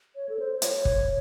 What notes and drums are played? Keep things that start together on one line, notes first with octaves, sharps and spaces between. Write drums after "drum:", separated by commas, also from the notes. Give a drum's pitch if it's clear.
C#5
A4
C5
C5
C#5, drum: hi-hat
drum: kick